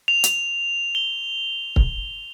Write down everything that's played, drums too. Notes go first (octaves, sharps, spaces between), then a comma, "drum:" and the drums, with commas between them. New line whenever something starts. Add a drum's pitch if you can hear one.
F7
drum: hi-hat
G7
drum: kick C#1